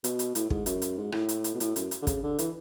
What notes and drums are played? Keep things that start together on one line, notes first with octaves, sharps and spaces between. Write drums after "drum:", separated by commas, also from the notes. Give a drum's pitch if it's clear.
B2, drum: hi-hat
drum: hi-hat
A2, drum: hi-hat
G#2, drum: kick
F#2, drum: hi-hat
drum: hi-hat
G#2
A2, drum: rim click
drum: hi-hat
drum: hi-hat
B2
A2, drum: hi-hat
F#2, drum: hi-hat
drum: hi-hat
D3
C#3, drum: kick, hi-hat
D3
E3, drum: hi-hat